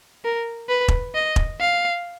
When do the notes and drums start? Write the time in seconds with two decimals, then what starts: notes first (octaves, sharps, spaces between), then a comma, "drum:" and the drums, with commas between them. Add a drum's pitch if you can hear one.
0.24 A#4
0.69 B4
0.88 drum: kick E1
1.15 D#5
1.36 drum: kick E1
1.61 F5